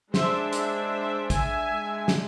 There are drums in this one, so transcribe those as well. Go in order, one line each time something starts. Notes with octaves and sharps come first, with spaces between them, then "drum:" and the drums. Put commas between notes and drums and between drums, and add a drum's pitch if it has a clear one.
G#3 D4 C5 E5, drum: snare
C5 E5, drum: hi-hat
E5 G#5, drum: kick, hi-hat
G#3 D4
drum: snare